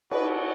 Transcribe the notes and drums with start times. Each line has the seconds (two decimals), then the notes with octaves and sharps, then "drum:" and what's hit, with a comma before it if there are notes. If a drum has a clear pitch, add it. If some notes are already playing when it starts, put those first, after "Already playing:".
0.11 F#4 B4, drum: cymbal